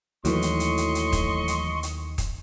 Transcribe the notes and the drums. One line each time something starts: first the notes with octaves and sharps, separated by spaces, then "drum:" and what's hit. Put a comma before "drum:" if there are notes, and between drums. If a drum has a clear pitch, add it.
D#2 A2 E3 F#3 D#5 C6 C#6, drum: hi-hat
drum: hi-hat
drum: hi-hat
drum: hi-hat
drum: hi-hat
drum: kick, hi-hat
drum: hi-hat
drum: hi-hat
drum: kick, hi-hat